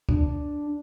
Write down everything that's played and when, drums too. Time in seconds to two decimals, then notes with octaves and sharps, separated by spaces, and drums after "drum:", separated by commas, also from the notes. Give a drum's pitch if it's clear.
0.09 D4, drum: kick